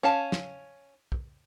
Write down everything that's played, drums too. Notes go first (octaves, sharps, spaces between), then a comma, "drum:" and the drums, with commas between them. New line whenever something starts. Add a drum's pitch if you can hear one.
C#4 F5 A5
drum: snare
drum: kick